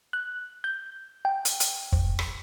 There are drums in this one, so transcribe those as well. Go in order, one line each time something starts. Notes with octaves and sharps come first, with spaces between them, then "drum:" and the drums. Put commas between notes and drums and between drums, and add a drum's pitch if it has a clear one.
F#6
G6
G5
drum: hi-hat
drum: hi-hat
F2, drum: kick
drum: rim click